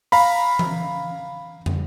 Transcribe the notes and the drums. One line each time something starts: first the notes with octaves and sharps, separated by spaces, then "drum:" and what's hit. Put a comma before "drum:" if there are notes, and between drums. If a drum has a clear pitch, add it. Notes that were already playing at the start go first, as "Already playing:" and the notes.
F5 A#5 B5, drum: open hi-hat
drum: tom E3
drum: tom